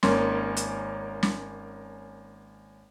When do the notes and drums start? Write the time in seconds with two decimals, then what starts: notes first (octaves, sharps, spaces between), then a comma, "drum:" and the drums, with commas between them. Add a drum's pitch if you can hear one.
0.03 G#1 A#3 C#4 C6, drum: snare
0.57 drum: hi-hat
1.23 drum: snare